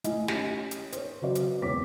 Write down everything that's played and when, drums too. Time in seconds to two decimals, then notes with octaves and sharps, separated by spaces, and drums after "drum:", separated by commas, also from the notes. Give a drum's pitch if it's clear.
0.04 A3 E4 D#5 G#5, drum: hi-hat
0.28 C#4 D#4 G4, drum: snare
0.71 drum: hi-hat
0.92 C5 C#5, drum: hi-hat
1.22 C#3 F#3 C4 B4 D5
1.35 drum: hi-hat
1.62 E2 G#3 C4 C#5 D6 B6